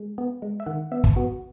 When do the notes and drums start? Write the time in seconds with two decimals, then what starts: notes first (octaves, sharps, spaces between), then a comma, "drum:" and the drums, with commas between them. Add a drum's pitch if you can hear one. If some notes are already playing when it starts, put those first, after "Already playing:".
Already playing: G#3
0.18 B3
0.42 G#3
0.60 E5
0.66 D#3 F#5
0.92 B3 E5
1.04 drum: kick
1.16 B3 F#4